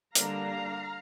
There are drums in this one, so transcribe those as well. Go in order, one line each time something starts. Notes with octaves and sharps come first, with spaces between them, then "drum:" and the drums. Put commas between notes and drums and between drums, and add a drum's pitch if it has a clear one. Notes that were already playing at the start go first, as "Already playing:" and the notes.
D3 G3 A#3 D4 F5 A#5, drum: hi-hat